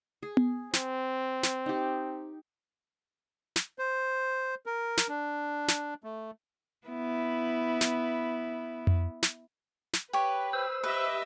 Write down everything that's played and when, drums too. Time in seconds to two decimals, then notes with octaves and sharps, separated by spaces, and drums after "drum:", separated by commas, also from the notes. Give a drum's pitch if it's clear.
0.23 G#4
0.37 drum: tom B3
0.73 C4, drum: snare
1.43 drum: snare
1.66 D#4 G4
3.56 drum: snare
3.79 C5
4.66 A#4
4.97 drum: snare
5.08 D4
5.68 drum: snare
6.04 A3
6.87 B3 E4
7.81 drum: snare
8.87 drum: tom F2
9.23 drum: snare
9.93 drum: snare
10.13 G4 B4 C#5
10.53 C5 E6
10.83 G4 B4 D#5 E5